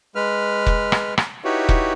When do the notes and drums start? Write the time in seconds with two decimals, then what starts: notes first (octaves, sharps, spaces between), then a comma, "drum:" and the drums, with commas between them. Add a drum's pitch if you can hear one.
0.15 G#3 B4 F6
0.66 drum: kick
0.92 drum: rim click
1.18 drum: rim click
1.45 D#4 E4 F#4 G4 B4 C#5
1.69 drum: kick